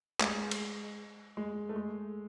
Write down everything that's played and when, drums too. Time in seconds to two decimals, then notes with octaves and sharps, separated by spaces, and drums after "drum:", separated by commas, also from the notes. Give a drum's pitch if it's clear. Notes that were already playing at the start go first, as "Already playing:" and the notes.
0.20 G#3, drum: clap
0.51 drum: cymbal
1.37 G#3
1.69 A3
1.76 G#3